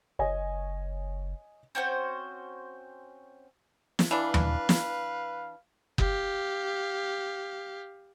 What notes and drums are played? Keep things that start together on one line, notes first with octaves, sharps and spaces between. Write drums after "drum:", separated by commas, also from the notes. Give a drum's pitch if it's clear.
F#1 C#5 D#5 G#5
C4 C#4 F#4 C5
drum: snare
E3 D4 B4 F5
drum: tom D#2
drum: snare
G4 F5, drum: kick F#1